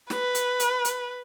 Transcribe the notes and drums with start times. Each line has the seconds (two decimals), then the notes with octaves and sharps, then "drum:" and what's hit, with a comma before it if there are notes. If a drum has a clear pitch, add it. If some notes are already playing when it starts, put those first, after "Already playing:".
0.10 B4, drum: snare
0.35 drum: hi-hat
0.60 drum: hi-hat
0.85 drum: hi-hat